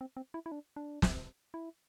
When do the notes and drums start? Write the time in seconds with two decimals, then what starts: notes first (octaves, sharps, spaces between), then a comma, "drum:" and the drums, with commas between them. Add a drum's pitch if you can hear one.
0.01 C4
0.17 C4
0.34 E4
0.46 E4
0.52 D4
0.76 D4
1.02 drum: snare
1.54 E4